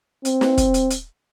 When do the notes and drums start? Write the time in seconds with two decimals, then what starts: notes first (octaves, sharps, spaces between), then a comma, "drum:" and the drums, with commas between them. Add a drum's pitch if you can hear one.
0.25 C4, drum: hi-hat
0.41 drum: snare
0.58 drum: kick, hi-hat
0.74 drum: hi-hat
0.90 drum: hi-hat